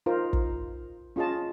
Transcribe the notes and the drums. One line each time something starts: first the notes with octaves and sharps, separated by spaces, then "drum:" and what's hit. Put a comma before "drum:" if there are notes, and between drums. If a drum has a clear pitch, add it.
D#4 F4 A#4 C5
drum: kick
C#4 F4 G#4 D#5 A5